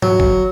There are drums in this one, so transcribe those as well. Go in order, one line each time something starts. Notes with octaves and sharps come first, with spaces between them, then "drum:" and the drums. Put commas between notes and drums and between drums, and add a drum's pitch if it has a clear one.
F#3, drum: tom G#2
drum: kick